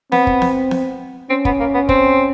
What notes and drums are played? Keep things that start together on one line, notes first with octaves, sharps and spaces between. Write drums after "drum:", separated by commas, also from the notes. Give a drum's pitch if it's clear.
B3 C4, drum: snare B3
drum: kick
drum: snare B3
drum: snare B3
C4 C#4
B3, drum: kick
A#3
B3
C4, drum: kick